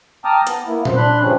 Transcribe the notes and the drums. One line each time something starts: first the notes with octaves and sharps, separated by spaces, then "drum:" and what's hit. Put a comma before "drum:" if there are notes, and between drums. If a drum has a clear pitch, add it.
G5 A5 A#5 D6 D#6 F6
B3, drum: hi-hat
A#3 B3 E4
C5, drum: tom A#2
D4 B5 C6 F#6
G2 C#3 F3 G3 C#4